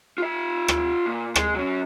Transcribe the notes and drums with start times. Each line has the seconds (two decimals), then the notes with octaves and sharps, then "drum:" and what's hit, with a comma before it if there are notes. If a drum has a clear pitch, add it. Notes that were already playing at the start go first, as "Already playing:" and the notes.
0.18 F4 E5
0.68 drum: rim click
1.06 A#2
1.36 G#3, drum: rim click
1.55 F#3 C#4